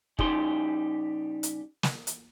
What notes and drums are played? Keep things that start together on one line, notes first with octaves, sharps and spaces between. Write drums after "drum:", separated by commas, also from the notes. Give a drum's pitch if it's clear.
C#3 G3 D#4 G4 C6, drum: kick
drum: hi-hat
drum: snare
drum: hi-hat